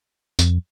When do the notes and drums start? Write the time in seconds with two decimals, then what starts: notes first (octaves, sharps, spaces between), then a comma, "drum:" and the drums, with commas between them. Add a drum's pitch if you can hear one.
0.39 F2, drum: tambourine